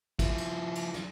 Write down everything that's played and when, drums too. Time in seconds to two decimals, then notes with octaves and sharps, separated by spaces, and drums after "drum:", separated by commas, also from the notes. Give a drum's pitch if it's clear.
0.19 F3 E4, drum: kick, cymbal
0.38 drum: cymbal
0.75 drum: cymbal
0.94 drum: snare